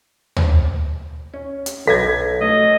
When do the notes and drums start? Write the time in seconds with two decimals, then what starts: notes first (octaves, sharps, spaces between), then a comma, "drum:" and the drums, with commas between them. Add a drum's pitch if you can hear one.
0.36 drum: tom
1.34 C#4
1.66 drum: hi-hat
1.87 B1 A4 G#6 A#6 B6
2.41 A3 D#5